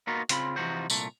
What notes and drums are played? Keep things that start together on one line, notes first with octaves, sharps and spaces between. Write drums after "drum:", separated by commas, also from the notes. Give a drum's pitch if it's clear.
A#3 B3 D#4 F4 F#4 A#4
C#3 C4 F4 B5, drum: hi-hat
C3 E3 F3 D#4 F#4 C5
C2 A#2 A3, drum: tambourine